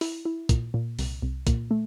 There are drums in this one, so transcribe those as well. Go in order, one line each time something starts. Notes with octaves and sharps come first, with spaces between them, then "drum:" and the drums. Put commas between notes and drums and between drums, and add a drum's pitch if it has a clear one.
E4, drum: open hi-hat
E4
A#2, drum: kick, hi-hat
A#2
C2, drum: open hi-hat
C2
A#2, drum: kick, hi-hat
A3